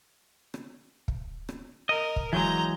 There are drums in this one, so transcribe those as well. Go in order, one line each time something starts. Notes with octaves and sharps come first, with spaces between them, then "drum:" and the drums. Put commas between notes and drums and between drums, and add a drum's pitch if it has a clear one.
drum: rim click
drum: kick
drum: rim click
A#4 D#5
drum: kick
E3 F#3 G#3 A#5 G6